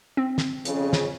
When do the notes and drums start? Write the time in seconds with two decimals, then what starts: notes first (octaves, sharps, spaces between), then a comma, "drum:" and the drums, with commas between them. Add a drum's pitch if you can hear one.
0.17 C4
0.38 drum: snare
0.65 F2 C#3, drum: hi-hat
0.93 drum: snare